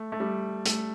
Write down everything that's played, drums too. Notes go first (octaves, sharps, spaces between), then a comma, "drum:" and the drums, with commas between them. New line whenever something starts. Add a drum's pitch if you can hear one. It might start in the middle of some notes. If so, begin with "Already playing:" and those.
Already playing: A3
A3
G3
A3, drum: hi-hat